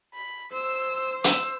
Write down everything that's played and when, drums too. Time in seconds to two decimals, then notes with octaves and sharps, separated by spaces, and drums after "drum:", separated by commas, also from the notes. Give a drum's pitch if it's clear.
0.14 B5
0.52 C5 E6
1.24 E6, drum: hi-hat